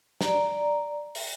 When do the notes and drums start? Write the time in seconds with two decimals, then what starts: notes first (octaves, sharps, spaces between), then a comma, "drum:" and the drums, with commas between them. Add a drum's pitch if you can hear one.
0.21 D5 A#5, drum: snare
1.15 drum: open hi-hat